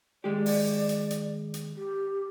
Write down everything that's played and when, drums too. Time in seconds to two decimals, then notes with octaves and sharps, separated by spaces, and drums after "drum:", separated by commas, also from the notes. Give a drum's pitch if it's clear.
0.24 D#2 G#3 G4 D5
0.46 drum: open hi-hat
0.89 drum: hi-hat
1.10 drum: hi-hat
1.54 drum: hi-hat
1.77 G4